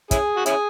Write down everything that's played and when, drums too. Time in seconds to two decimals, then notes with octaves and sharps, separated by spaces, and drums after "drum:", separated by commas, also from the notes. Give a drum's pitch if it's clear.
0.11 C#4 E4 G#4, drum: kick, hi-hat
0.36 F#4
0.46 C#4 E4 G#4, drum: hi-hat